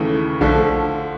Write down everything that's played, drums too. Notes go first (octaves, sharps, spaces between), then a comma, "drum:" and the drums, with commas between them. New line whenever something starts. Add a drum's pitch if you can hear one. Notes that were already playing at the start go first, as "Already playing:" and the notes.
Already playing: D#2 C#3 E3 A3
D3 F3 A3, drum: kick A#1